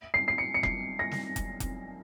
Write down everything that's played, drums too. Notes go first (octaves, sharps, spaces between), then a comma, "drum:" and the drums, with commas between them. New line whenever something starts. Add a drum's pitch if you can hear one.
C7
C7
C#7
C#7
C7, drum: kick F1
A#6
drum: snare
drum: kick F1, hi-hat
drum: kick F1, hi-hat